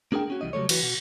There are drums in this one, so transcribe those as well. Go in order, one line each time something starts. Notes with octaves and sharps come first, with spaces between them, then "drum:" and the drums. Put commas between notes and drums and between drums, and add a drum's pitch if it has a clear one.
A#3 D4 G#4 A#4 G5
A#3 C#4 F#4
C2 E3 G3 D#5
C#3 F#3 G3 A3 C#5
E3 F#4 B4, drum: cymbal
B2 F#4